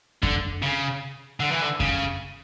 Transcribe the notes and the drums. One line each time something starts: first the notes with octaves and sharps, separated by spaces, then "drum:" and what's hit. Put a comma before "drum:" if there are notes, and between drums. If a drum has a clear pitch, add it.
D3, drum: kick F#2
C#3
D3
E3
D3
C#3, drum: kick F#2